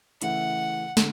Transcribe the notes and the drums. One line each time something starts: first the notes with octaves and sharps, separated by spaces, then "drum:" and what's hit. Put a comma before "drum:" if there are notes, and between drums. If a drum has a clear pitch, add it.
C#3 E3 A3 E4 F#5, drum: hi-hat
D3, drum: snare